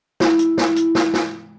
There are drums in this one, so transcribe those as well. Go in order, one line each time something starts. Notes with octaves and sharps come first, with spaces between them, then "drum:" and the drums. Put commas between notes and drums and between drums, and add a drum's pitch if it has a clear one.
E4, drum: snare
drum: hi-hat
drum: snare
drum: hi-hat
drum: snare
drum: snare